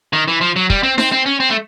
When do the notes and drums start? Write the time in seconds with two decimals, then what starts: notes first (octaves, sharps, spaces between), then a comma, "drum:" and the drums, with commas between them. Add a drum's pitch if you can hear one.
0.13 D#3
0.28 E3
0.41 F3
0.56 F#3
0.70 G3, drum: kick
0.83 C4
0.98 C4, drum: snare D#4
1.12 C4
1.26 C#4
1.40 C4
1.50 A3